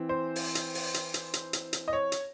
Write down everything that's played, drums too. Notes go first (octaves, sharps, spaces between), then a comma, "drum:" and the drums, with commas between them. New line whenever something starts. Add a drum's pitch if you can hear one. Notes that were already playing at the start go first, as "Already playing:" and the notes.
Already playing: E3 C4
C5
drum: open hi-hat
drum: hi-hat
drum: open hi-hat
drum: hi-hat
drum: hi-hat
drum: hi-hat
drum: hi-hat
drum: hi-hat
D#5
C#5
drum: hi-hat